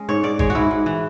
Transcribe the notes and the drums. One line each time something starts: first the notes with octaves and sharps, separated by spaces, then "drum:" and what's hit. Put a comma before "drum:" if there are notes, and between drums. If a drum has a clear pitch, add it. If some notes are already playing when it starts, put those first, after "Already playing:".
Already playing: G#3 C#4
G#2 C#5
G#2 D5
G#3 C#5, drum: kick G1
F#4
G#2 E4
G#2
E3